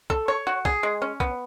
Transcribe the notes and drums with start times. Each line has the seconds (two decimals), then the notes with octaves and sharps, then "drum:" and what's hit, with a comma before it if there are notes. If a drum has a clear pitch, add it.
0.10 A4, drum: kick
0.28 C#5
0.47 F#4
0.65 G#4, drum: kick
0.83 G#3
1.02 C#4
1.20 B3, drum: kick